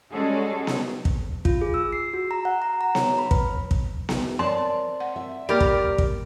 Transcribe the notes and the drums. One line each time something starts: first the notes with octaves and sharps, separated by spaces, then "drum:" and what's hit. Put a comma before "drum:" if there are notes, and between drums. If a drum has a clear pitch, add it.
G3 G#3 C#4 F#4 G#4 A4
drum: snare B3
drum: kick
F4, drum: kick
G#4
E6
C7
F#4
A#5
F#5
A#5
A#5
C#5, drum: snare B3
B5
B4, drum: kick
drum: kick
drum: snare B3
C4 A#4 C#5 D5 A5 C6
F#5
E5
A#3 G4 A#4 D5 B5
drum: kick
drum: kick